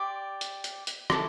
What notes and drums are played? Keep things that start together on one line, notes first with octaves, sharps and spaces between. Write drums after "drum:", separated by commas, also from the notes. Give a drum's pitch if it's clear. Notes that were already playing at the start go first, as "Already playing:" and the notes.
Already playing: G4 D5 C6
drum: hi-hat
drum: hi-hat
drum: hi-hat
E4 A4 D6, drum: rim click